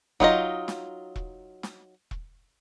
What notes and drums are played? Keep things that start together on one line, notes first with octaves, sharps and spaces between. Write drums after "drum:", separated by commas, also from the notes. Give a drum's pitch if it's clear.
F#3 D#4 F4 D#5, drum: kick E1
drum: snare
drum: kick E1
drum: snare
drum: kick E1